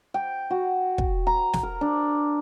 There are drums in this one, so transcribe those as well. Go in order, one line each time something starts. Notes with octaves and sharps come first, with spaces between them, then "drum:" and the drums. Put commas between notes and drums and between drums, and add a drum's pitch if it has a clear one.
G5
F#4
drum: kick
A#5
drum: snare
A#4
D4